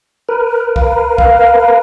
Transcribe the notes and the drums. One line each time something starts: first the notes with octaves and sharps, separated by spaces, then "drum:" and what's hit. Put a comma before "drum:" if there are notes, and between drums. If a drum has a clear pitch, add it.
A#4 B4
F5, drum: kick C#2
drum: kick C#2